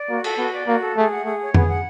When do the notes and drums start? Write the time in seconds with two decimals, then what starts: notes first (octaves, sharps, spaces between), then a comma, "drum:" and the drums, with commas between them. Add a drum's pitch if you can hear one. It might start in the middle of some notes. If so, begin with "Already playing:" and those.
Already playing: D5
0.09 A#3 F#4
0.24 A4, drum: cymbal
0.38 B3 F#4
0.52 D5
0.67 A#3 F#4
0.82 A4
0.97 A3 G#4
1.10 F#5
1.25 A3 G#4
1.41 C#5
1.54 B3 G#4, drum: tom F2
1.69 F#5